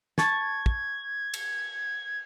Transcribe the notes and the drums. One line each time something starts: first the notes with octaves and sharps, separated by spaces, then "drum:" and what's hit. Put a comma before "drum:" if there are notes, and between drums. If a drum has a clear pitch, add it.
A5 C#6 G#6 A6, drum: snare
drum: kick
drum: cymbal